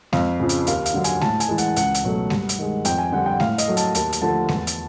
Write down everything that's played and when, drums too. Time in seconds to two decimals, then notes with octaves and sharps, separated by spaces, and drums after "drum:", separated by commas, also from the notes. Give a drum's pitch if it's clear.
0.13 F2 F5, drum: snare G#3
0.40 C#3 F3
0.49 drum: hi-hat
0.67 D#2 F5, drum: hi-hat
0.86 F5, drum: hi-hat
0.94 D3 F#3
1.04 G#5, drum: hi-hat
1.21 A2 A5, drum: snare G#3
1.40 G#5, drum: hi-hat
1.48 E3 G#3
1.58 F#5, drum: hi-hat
1.76 C#2 F#5, drum: hi-hat
1.94 drum: hi-hat
2.04 B2 F#3 A3
2.30 G2, drum: snare G#3
2.49 drum: hi-hat
2.59 D#3 G#3
2.85 F2 G5, drum: hi-hat
2.99 G#5
3.12 D3 G3 F#5
3.26 G5
3.40 A2 F5, drum: snare G#3
3.58 D#5, drum: hi-hat
3.68 F#3 A3
3.77 A5, drum: hi-hat
3.95 D#2 A5, drum: hi-hat
4.12 drum: hi-hat
4.22 D3 F3 A3 A5
4.49 E2, drum: snare G#3
4.67 drum: hi-hat